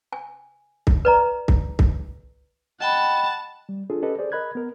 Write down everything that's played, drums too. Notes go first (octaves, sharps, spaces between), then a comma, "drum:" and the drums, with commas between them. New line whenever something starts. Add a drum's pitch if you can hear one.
G#5
drum: kick C2
B4 D5 A#5
drum: kick C2
drum: kick C2
D#5 F#5 G5 A5 B5
G3
D4 F4 G#4 A4
C#4 G4 A4 B4 D#5
G#4 A4 C5 D5
A#4 D#5 B5 F#6 G#6
B3 A#4